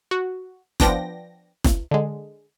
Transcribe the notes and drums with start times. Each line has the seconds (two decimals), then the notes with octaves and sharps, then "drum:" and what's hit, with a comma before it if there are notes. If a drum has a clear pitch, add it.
0.11 F#4
0.80 F3 B3 D4 G5 A#6, drum: snare
1.64 drum: snare
1.91 D3 G#3